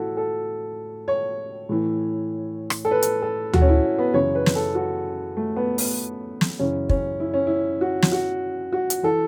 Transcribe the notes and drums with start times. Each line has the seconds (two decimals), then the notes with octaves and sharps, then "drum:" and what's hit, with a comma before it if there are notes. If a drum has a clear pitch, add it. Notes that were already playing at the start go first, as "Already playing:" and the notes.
Already playing: A2 E3 E4 F#4 A4
0.17 A4
1.08 C#5
1.69 A2 E3
2.70 drum: rim click
2.85 A4
2.91 B4
3.02 drum: hi-hat
3.22 A4
3.53 F#4, drum: tom D2
3.62 C#4
3.69 E4
3.98 B3
4.14 F#2 C#3 E3 C#5
4.35 B4
4.46 drum: snare
4.56 A4
4.75 F#4
5.37 A3
5.56 B3
5.78 B3, drum: open hi-hat
6.41 drum: snare
6.59 F#2 C#3 E3 C#4
6.89 C#4, drum: kick
7.20 E4
7.34 C#4
7.47 E4
7.81 F#4
8.02 drum: snare
8.12 F#4
8.72 F#4
8.90 drum: hi-hat
9.03 E3 A4